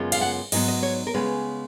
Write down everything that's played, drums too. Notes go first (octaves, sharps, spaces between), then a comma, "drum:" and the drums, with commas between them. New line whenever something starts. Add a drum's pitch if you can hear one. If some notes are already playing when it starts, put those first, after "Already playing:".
Already playing: F#2 C#3 G#3 B3 F4
F5, drum: cymbal
F#5
G#2 F#3 B3 D#4 D#5, drum: cymbal
D#5
C#5
A#4
C#3 G#3 B3 B4